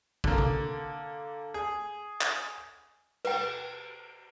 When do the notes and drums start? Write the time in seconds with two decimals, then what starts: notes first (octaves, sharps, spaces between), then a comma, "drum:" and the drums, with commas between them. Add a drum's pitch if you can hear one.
0.24 D3 A#3, drum: kick
0.38 drum: tom
1.54 G#4
2.21 drum: clap
3.25 B4 G5, drum: cymbal